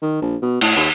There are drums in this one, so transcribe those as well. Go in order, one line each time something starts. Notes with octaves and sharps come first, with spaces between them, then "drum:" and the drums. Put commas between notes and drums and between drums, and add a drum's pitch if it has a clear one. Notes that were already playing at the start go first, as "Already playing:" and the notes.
D#3
A#1
B2
A2, drum: cymbal
D#2